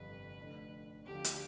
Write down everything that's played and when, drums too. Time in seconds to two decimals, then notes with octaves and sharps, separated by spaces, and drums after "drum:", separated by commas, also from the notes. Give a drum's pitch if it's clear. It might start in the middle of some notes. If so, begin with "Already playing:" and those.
Already playing: G1 F2 C3 B4
0.38 F1 F2 D3
1.06 D2 D3 F3 G4
1.24 drum: hi-hat